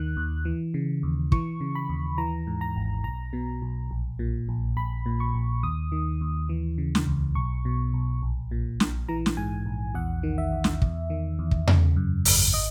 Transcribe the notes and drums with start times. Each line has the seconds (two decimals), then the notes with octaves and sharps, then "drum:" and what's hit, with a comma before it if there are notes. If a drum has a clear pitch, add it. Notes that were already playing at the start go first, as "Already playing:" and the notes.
Already playing: D#2 D#3 F#6
0.17 D#2
0.45 E3
0.74 C#3
1.03 D#2
1.32 E3 C#6, drum: kick
1.61 C#3
1.75 B5
1.89 D#2
2.18 E3 A#5
2.47 G#2
2.61 A#5
2.76 G#1
3.04 B1 A#5
3.33 B2
3.62 B1
3.91 A#1
4.19 A#2
4.49 A#1
4.77 A#1 B5
5.06 A#2
5.20 C#6
5.34 A#1
5.63 D#2 D#6
5.92 D#3
6.21 D#2
6.49 E3
6.78 C#3
6.95 drum: snare
7.07 C#2
7.35 B1 C#6
7.65 B2
7.94 B1
8.22 A#1
8.51 A#2
8.80 A#1, drum: snare
9.08 E3 A#5
9.26 drum: snare
9.37 G#2 G#5
9.66 A#1
9.94 E2 F#5
10.23 D#3
10.38 E5
10.52 E2
10.64 drum: snare
10.82 E2, drum: kick
11.10 D#3
11.39 E2
11.51 drum: kick
11.67 C#3, drum: tom E2
11.96 F#2
12.25 G#1, drum: open hi-hat
12.54 D#5